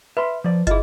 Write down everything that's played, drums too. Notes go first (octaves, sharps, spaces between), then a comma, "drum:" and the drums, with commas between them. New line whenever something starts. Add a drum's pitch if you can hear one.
B4 E5 B5 C6
F3 D5
E4 F4 G#4 D#5, drum: kick, hi-hat